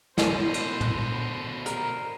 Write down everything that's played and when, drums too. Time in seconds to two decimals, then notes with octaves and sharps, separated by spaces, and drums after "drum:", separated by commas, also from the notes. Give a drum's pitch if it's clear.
0.18 B2 D3 C5 C7 D#7 E7, drum: snare
0.54 drum: cymbal
0.81 drum: tom
1.66 A#4, drum: hi-hat